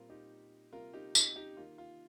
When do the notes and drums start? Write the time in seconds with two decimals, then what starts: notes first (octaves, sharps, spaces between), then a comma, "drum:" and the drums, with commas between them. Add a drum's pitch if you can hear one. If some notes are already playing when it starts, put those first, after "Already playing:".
Already playing: A#2 G3 C4 F4 A#4
0.09 D#4 G4
0.73 C3 G3 A#3 F4 A#4
0.93 D#4 G4
1.15 D#4 G4, drum: tambourine
1.36 D#4 G4
1.57 D#3 A#3 F4
1.78 F4